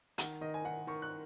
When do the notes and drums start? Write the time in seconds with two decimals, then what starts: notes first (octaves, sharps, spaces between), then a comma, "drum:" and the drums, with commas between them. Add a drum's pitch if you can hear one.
0.18 D#3 F#5, drum: hi-hat
0.41 D#3 D#5
0.54 G#5
0.64 D#3 F#5
0.87 D#3 C#6
1.02 F#6